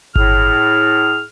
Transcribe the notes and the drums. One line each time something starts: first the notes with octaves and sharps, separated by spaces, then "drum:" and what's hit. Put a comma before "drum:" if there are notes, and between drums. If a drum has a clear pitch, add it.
A2 G#4 F6, drum: kick G1